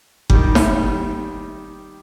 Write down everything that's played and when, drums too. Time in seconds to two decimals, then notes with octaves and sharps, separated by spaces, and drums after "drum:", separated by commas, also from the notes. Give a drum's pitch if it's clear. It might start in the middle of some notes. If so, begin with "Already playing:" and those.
0.30 D#3 G3, drum: kick F#1
0.55 drum: snare